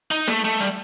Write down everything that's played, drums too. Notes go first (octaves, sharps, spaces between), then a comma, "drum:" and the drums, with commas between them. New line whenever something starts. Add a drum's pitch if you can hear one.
D#4, drum: hi-hat
A3, drum: snare
A3
G3